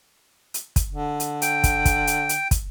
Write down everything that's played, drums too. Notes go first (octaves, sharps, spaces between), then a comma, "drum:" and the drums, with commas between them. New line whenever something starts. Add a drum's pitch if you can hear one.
drum: hi-hat
drum: kick, hi-hat
D3
drum: hi-hat
G5, drum: hi-hat
drum: kick, hi-hat
drum: kick, hi-hat
drum: hi-hat
drum: hi-hat
drum: kick, hi-hat